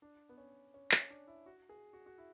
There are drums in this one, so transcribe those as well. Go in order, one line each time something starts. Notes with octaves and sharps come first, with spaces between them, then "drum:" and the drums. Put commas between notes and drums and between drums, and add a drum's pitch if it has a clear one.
D4
B3
C#4
C#4
C#4, drum: clap
D4
E4
F#4
G#4
F#4
F#4
E4